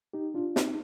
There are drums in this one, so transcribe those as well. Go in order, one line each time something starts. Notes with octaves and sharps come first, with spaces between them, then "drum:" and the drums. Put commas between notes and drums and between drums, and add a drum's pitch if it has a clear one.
D#4 G4
D4 F4
C4 D#4, drum: snare